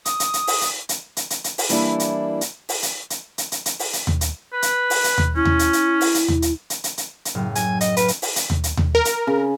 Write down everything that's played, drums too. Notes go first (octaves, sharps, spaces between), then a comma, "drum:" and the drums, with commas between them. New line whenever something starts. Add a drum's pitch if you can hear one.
D#6, drum: hi-hat
drum: hi-hat
drum: hi-hat
drum: open hi-hat
drum: hi-hat
drum: hi-hat
drum: hi-hat
drum: hi-hat
drum: hi-hat
drum: open hi-hat
E3 G3 A#3 D4 E4, drum: hi-hat
drum: hi-hat
drum: hi-hat
drum: open hi-hat
drum: hi-hat
drum: hi-hat
drum: hi-hat
drum: hi-hat
drum: hi-hat
drum: open hi-hat
drum: hi-hat
drum: tom D#2
drum: hi-hat
B4
drum: hi-hat
drum: open hi-hat
drum: hi-hat
drum: tom D#2
C#4 E4
drum: tom D#2
drum: hi-hat
drum: hi-hat
drum: open hi-hat
drum: hi-hat
drum: tom D#2
drum: hi-hat
drum: hi-hat
drum: hi-hat
drum: hi-hat
drum: hi-hat
F#1 A2 F6
G#5, drum: hi-hat
D#5, drum: hi-hat
A3 B4 F5, drum: hi-hat
drum: hi-hat
drum: open hi-hat
drum: hi-hat
drum: tom D#2
drum: hi-hat
drum: tom D#2
A#4
drum: hi-hat
C#3